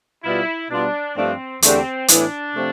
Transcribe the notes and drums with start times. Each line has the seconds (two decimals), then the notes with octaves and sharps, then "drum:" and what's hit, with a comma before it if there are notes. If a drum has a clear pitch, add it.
0.24 B2 G3 B3 E4 F4
0.70 B2 G3 B3 D4 F4
1.16 G2 F3 A3 C4 D4
1.62 E2 D3 A3 C4 D4 G4, drum: hi-hat
2.08 A2 E3 B3 D4 E4, drum: hi-hat
2.55 C3 F3 A3 C4